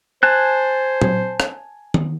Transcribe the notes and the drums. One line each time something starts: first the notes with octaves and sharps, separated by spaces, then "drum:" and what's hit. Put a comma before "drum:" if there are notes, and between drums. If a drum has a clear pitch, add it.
C5 G#5 A5 F#6
drum: tom
drum: rim click
drum: tom D#3